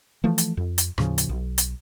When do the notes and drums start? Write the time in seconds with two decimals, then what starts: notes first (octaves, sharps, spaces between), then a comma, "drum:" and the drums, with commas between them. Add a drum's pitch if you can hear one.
0.24 E3 F3 A3
0.38 drum: hi-hat
0.57 F2
0.78 drum: hi-hat
0.98 D#2 A2 C#3 F3, drum: rim click
1.18 drum: hi-hat
1.29 B1
1.58 drum: hi-hat